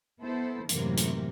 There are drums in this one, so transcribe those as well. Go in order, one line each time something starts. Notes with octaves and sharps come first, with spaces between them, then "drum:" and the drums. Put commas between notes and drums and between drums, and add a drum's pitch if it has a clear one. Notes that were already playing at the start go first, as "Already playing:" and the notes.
B3 E4 A4 C5
F#2 A2 C3 E3 A#3 A#4, drum: hi-hat
drum: hi-hat